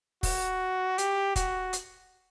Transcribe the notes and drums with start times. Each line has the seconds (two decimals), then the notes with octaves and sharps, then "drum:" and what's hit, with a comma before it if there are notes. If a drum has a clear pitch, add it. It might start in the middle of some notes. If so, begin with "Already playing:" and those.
0.23 F#4, drum: kick, open hi-hat
0.98 G4, drum: hi-hat
1.36 F#4, drum: kick, hi-hat
1.73 drum: hi-hat